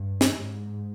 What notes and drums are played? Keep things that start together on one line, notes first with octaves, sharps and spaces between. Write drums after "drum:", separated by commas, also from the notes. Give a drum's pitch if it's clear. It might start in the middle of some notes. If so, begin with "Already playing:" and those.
Already playing: G2
drum: snare
G#2